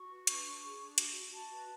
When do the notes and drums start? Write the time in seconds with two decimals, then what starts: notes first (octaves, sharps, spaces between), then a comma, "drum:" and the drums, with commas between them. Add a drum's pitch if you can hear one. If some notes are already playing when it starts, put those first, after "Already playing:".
Already playing: F#4 C#6
0.10 B4
0.27 D4, drum: hi-hat
0.45 D4
0.63 G#4
0.80 D4
0.98 F#4, drum: hi-hat
1.16 F#4
1.33 F#4 A5
1.51 B4